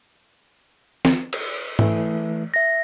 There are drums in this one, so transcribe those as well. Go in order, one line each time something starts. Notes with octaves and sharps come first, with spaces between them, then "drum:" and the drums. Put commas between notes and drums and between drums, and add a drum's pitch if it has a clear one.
drum: snare
drum: cymbal
E3 A3, drum: tom G#2
E5 A#6